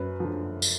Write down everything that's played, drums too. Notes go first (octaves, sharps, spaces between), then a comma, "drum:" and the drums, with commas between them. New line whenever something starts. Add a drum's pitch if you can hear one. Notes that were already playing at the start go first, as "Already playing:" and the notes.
Already playing: F#2 B4
D3 F3
drum: tambourine